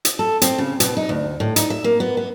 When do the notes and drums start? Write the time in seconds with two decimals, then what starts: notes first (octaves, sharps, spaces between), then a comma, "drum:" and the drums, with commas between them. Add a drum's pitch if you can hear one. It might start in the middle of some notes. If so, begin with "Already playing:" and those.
0.05 drum: hi-hat
0.19 A4
0.42 C4, drum: hi-hat
0.58 C#3
0.80 B2, drum: hi-hat
0.97 D#4
1.09 D2
1.40 A2
1.56 D#4, drum: hi-hat
1.70 E5
1.84 A#3
2.00 B3
2.17 B3